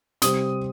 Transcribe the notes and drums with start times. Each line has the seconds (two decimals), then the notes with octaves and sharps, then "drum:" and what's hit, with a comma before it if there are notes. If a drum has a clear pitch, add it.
0.22 C3 G3 C4 D#6, drum: hi-hat